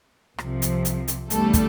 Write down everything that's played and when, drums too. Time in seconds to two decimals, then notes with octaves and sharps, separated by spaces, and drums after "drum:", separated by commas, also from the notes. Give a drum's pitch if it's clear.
0.38 C2 C3 F3, drum: rim click
0.62 drum: hi-hat
0.85 drum: hi-hat
1.08 drum: hi-hat
1.30 E2 D3 G3 A3 A4, drum: hi-hat
1.53 drum: kick, hi-hat